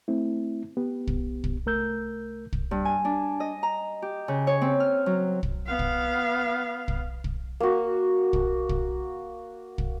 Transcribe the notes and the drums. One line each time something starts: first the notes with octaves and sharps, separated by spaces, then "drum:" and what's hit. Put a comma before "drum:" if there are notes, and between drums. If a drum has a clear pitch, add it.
A3 C4 E4
B3 G4
drum: kick
drum: kick
C2 A3 A#4 E6 G6
drum: kick
G2
G#5
D4
D#5
A#5
G4
C#3
C#5
C4
F6
F#3
drum: kick
B3 F5
drum: kick
drum: kick
drum: kick
A#3 F#4
drum: kick
drum: kick
drum: kick